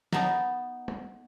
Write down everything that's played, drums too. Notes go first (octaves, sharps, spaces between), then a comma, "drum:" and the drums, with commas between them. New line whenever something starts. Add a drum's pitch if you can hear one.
B3 D#4 A5 A#5, drum: snare
drum: tom